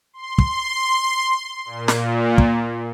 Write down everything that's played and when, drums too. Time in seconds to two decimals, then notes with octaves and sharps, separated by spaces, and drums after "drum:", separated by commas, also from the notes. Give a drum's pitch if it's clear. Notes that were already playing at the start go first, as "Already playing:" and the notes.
0.13 C6
0.38 drum: kick
1.65 A#2
1.88 drum: snare
2.38 drum: kick